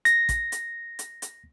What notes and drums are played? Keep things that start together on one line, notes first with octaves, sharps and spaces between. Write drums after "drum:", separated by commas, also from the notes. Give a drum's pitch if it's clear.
A#6, drum: hi-hat
drum: kick, hi-hat
drum: hi-hat
drum: hi-hat
drum: hi-hat